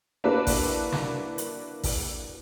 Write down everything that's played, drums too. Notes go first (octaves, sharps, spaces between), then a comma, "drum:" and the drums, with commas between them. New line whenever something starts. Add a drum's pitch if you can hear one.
A#3 D4 E4 F#4 B4
drum: kick, open hi-hat
drum: snare
drum: hi-hat
drum: kick, open hi-hat